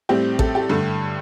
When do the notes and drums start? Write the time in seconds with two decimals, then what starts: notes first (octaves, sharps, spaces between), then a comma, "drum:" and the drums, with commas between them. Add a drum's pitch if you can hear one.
0.09 A2 G3 C4 G4
0.39 A4, drum: kick A1
0.55 G4
0.70 G2 D3 A3